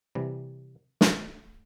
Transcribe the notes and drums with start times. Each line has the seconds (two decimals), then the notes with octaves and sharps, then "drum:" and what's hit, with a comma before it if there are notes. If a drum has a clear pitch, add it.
0.15 C3 E3 G3
1.01 A3, drum: snare